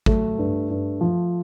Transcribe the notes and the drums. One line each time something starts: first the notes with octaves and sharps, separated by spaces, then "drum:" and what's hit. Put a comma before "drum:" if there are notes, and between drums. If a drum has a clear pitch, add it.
F#3 A3, drum: kick
G2
G2
F3